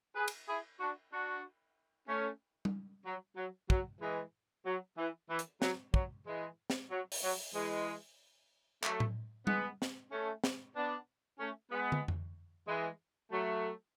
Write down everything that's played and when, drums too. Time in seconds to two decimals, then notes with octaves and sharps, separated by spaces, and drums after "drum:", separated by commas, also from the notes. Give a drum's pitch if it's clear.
0.16 G#4 B4
0.28 drum: cymbal
0.48 E4 G#4
0.80 D4 F#4
1.13 D4 F#4
2.09 A3 C#4
2.65 drum: tom G3
3.06 F#3
3.37 F#3
3.70 F#3, drum: kick
4.01 E3 G#3
4.66 F#3
4.98 E3
5.30 E3
5.39 drum: hi-hat
5.62 F#3, drum: snare
5.94 F#3, drum: kick
6.27 E3 G#3
6.70 drum: snare
6.91 F#3
7.12 drum: open hi-hat
7.23 F#3
7.55 E3 G#3
8.83 F#3 A3, drum: clap
9.00 drum: tom A2
9.47 G#3 B3, drum: tom G3
9.82 drum: snare
10.11 A3 C#4
10.44 drum: snare
10.76 B3 D4
11.40 A3 C#4
11.71 G#3 B3
11.92 drum: tom
12.08 drum: tom F2
12.68 E3 G#3
13.32 F#3 A3